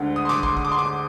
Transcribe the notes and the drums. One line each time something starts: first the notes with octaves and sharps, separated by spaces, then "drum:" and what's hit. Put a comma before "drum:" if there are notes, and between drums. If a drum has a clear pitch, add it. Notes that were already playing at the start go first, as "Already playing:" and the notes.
Already playing: D2 D3 G#3
D#6
C6
D6, drum: snare
C6, drum: kick
D#6, drum: kick
D6
C6
D6